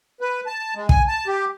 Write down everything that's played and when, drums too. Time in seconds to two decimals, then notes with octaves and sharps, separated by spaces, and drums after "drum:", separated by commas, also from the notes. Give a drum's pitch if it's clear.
0.21 B4
0.47 A5
0.75 G#3
0.89 G#5, drum: kick
1.08 A5
1.27 G4